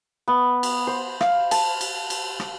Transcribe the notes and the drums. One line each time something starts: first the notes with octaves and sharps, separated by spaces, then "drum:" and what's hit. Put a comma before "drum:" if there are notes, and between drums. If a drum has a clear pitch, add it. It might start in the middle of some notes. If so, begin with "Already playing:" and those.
B3
drum: cymbal
C5
F5, drum: rim click
A5, drum: cymbal
drum: cymbal
drum: cymbal
drum: rim click